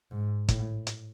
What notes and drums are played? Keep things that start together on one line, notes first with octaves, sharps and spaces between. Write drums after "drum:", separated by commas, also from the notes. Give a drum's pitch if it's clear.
G#2
A2, drum: kick, hi-hat
drum: hi-hat